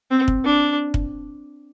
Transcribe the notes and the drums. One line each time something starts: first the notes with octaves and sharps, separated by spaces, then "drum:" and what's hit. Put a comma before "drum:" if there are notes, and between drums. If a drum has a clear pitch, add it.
C4
drum: kick
D4
drum: kick